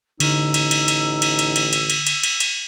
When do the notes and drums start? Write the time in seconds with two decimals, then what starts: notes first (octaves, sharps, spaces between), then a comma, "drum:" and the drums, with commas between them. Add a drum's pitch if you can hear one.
0.20 A1 D3 D#4 E6, drum: cymbal
0.54 drum: cymbal
0.71 drum: cymbal
0.88 drum: cymbal
1.22 drum: cymbal
1.39 drum: cymbal
1.56 drum: cymbal
1.73 drum: cymbal
1.90 drum: cymbal
2.07 drum: cymbal
2.23 drum: cymbal
2.40 drum: cymbal